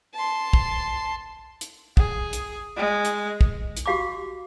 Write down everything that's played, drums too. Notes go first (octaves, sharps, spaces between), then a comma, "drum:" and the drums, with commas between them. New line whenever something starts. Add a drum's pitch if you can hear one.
A5 C6
drum: kick
drum: hi-hat
G#4, drum: kick
drum: hi-hat
G#3
drum: hi-hat
drum: kick
drum: hi-hat
F#4 G4 F5 B5 D6